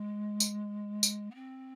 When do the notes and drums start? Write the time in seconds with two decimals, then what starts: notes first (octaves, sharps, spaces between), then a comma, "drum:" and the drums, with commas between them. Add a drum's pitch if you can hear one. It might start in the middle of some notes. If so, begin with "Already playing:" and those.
Already playing: G#3
0.40 drum: tambourine
1.03 drum: tambourine
1.30 B3
1.34 C4